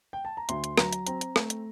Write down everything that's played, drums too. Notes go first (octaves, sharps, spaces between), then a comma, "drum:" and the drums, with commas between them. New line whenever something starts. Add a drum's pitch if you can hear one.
G5
A5
A#5
D2 C6, drum: hi-hat
drum: hi-hat
F#3 A#5, drum: rim click
drum: hi-hat
C4 A#5, drum: hi-hat
drum: hi-hat
A3, drum: rim click
drum: hi-hat